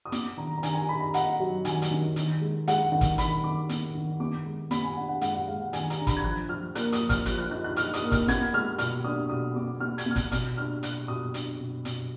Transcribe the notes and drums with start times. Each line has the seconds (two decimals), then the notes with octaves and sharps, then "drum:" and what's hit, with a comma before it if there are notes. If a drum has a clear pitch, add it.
0.05 D#6
0.12 B3 D6, drum: hi-hat
0.37 D#3 A#5
0.58 A#5
0.63 D#3 G#5, drum: hi-hat
0.75 G#5
0.89 D#4 B5
1.01 A#5
1.14 D#4 F#5, drum: hi-hat
1.40 F#3
1.65 D#3 G#5, drum: hi-hat
1.82 drum: hi-hat
1.91 D#3
2.16 D#3, drum: hi-hat
2.41 G#3
2.68 G#3 F#5, drum: hi-hat
2.92 D#3 F#5
3.01 drum: kick, hi-hat
3.18 D#3 B5, drum: hi-hat
3.44 D#3 D6
3.69 B3, drum: hi-hat
3.95 D#3
4.20 B3 D6
4.45 G#3
4.71 B3 B5, drum: hi-hat
4.83 G#5
4.97 D4 F#5
5.09 F#5
5.21 G#3 F#5, drum: hi-hat
5.35 F#5
5.48 G#3 F5
5.61 F#5
5.73 D#3 G#5, drum: hi-hat
5.90 A#5, drum: hi-hat
5.98 D4
6.07 B5, drum: kick, hi-hat
6.17 G#6
6.24 F3 F#6
6.49 F3 F6
6.75 A#3 F#6, drum: hi-hat
6.93 D#6, drum: hi-hat
7.01 F3
7.09 F6, drum: kick, hi-hat
7.25 F3 F#6, drum: hi-hat
7.38 F#6
7.51 D#4 F#6
7.64 F#6
7.76 D#4 F6, drum: hi-hat
7.94 D#6, drum: hi-hat
8.02 A#3
8.12 F6, drum: kick, hi-hat
8.28 B3 G#6, drum: hi-hat
8.53 G#3 F6
8.78 B2 F6, drum: hi-hat
9.04 D4 D#6
9.29 B2 D#6
9.56 B3 D6
9.80 B3 F6
9.98 G#6, drum: hi-hat
10.06 B3 F6
10.16 F#6, drum: kick, hi-hat
10.32 B2 F6, drum: hi-hat
10.57 D4 F6
10.83 B2 F#6, drum: hi-hat
11.08 B2 D#6
11.34 D4, drum: hi-hat
11.60 B2
11.85 B2, drum: hi-hat